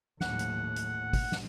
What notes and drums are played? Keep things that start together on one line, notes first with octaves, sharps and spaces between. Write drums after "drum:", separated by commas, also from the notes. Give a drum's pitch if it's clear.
D#2 A2 F#5, drum: snare
drum: hi-hat
drum: hi-hat
drum: kick, open hi-hat
drum: snare